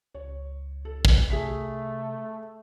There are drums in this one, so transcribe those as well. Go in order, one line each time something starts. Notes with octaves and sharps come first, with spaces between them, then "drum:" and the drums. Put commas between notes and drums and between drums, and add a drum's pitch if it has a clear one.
C#2 C#5
A4
drum: kick
C3 A3 G#4 E5 B6